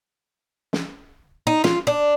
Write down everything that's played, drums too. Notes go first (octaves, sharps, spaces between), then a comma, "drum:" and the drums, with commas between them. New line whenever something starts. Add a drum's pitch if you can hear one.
drum: snare
D#4
F4, drum: snare
D4